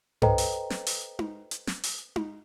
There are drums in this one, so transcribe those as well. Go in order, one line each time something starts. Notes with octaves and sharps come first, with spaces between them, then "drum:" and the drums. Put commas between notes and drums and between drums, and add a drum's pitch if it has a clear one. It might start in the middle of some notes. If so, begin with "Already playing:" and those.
A4 B4 C5 D#5 G5 A#5, drum: tom G2
drum: open hi-hat
drum: snare
drum: open hi-hat
drum: tom D#4
drum: hi-hat
drum: snare
drum: open hi-hat
drum: tom D#4